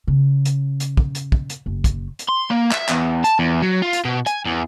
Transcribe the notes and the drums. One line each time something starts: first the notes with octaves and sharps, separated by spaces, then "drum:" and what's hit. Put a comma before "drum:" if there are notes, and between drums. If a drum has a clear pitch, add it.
C#3
drum: hi-hat
drum: hi-hat
drum: kick
drum: hi-hat
drum: kick
drum: hi-hat
F#1
drum: kick, hi-hat
drum: hi-hat
C6
A#3
E5, drum: clap
E2, drum: clap
A5, drum: hi-hat
E2
F#3
F4
drum: hi-hat
B2
G#5, drum: hi-hat
E2